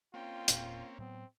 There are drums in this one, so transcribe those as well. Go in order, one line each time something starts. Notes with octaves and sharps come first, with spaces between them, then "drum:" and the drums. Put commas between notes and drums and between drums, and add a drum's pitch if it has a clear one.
A#3 C4 C#4 F4 G5
E1 A#2, drum: hi-hat
A2 F#3 B3 C4